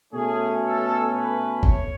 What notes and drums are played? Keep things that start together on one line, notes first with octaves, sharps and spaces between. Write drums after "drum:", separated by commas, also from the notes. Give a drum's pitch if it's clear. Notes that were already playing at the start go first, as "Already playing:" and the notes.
B2 A3 C#4 G#4
A4
B4
C#5, drum: kick G1